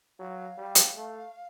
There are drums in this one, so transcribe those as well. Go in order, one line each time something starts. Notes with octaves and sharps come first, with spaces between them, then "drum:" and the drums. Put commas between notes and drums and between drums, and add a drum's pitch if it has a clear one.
F#3 F5
G3
drum: hi-hat
A3